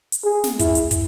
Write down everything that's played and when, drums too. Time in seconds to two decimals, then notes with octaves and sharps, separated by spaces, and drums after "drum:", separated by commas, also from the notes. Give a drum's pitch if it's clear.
0.12 drum: hi-hat
0.25 G#4
0.44 drum: snare
0.59 E4, drum: kick, hi-hat
0.75 drum: hi-hat
0.91 drum: kick, hi-hat